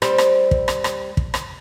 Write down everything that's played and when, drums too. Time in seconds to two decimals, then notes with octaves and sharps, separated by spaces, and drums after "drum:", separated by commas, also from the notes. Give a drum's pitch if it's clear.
0.02 G3 C4, drum: rim click
0.18 drum: rim click
0.51 drum: kick
0.68 drum: rim click
0.84 drum: rim click
1.17 drum: kick
1.34 drum: rim click